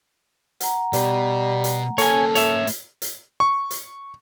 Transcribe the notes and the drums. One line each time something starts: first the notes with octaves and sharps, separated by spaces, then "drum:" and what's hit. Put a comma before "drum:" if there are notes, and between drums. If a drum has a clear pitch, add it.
F#5 A#5, drum: hi-hat
B2 G3, drum: hi-hat
drum: hi-hat
A#3 C#4 A4 C#5 G#5, drum: hi-hat
C#5 E5, drum: hi-hat
drum: hi-hat
drum: hi-hat
C#6
drum: hi-hat